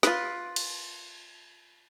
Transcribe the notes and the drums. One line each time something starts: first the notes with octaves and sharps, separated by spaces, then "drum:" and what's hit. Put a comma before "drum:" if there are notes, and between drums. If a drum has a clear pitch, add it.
F4 B4, drum: snare
drum: cymbal